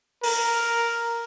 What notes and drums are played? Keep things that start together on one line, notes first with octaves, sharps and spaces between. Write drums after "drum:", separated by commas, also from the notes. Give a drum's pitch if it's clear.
A#4, drum: open hi-hat